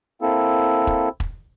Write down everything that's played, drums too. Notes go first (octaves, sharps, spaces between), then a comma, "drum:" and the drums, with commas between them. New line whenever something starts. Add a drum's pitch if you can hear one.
A#3 C4 E4 A4
drum: kick E1
drum: kick E1